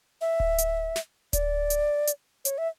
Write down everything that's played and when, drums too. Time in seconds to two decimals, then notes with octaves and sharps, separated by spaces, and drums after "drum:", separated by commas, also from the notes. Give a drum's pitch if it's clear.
0.21 E5
0.40 drum: kick D1
0.58 drum: hi-hat
0.96 drum: snare
1.33 D5, drum: kick D1, hi-hat
1.70 drum: hi-hat
2.07 drum: hi-hat
2.45 C#5, drum: hi-hat
2.58 E5